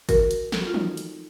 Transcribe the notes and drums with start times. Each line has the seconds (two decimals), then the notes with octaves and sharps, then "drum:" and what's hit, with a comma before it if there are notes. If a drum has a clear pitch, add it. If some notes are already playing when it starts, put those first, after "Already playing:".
0.09 F#4 A#4, drum: kick G#1, hi-hat
0.31 drum: hi-hat
0.52 A4, drum: snare
0.60 F#4
0.67 F4
0.74 D#4 F#4, drum: tom
0.97 drum: hi-hat